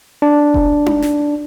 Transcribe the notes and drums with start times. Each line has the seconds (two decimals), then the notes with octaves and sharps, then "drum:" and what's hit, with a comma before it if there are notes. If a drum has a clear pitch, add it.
0.22 D4
0.54 drum: kick F1
0.86 drum: tom D#4
1.02 drum: snare